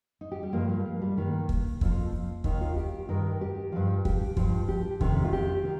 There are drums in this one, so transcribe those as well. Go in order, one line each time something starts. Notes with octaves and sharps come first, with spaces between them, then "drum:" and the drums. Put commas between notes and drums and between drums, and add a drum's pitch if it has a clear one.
D#4
G4
G3
G2 F3 A#3
G3
A#3
G3
G2 D#3 A#3
drum: kick
F2 F3, drum: kick
D#2 D#3 D#4, drum: kick
F4
G4
G2 D#3 A#4
G4
G2 F3
G4, drum: kick
G2 F3, drum: kick
G4
F2 C3 D#3, drum: kick
F4
G4
D#3